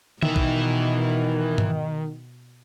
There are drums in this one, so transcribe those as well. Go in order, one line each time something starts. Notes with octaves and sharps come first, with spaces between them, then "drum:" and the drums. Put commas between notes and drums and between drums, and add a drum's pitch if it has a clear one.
B2 D#3 E3 E5, drum: tom
drum: kick A#1
drum: tom G#2